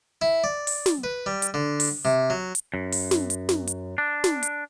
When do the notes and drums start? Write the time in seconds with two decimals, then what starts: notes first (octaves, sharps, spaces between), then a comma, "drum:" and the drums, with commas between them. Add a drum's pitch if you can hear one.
0.22 E4
0.44 D5
0.67 drum: open hi-hat
0.86 drum: snare
1.04 B4
1.26 G3
1.42 drum: hi-hat
1.54 D3
1.80 drum: open hi-hat
2.05 C3
2.30 F#3
2.55 drum: hi-hat
2.74 F#2
2.92 drum: open hi-hat
3.11 drum: snare
3.30 drum: hi-hat
3.49 drum: snare
3.67 drum: hi-hat
3.98 D4
4.24 drum: snare
4.43 drum: hi-hat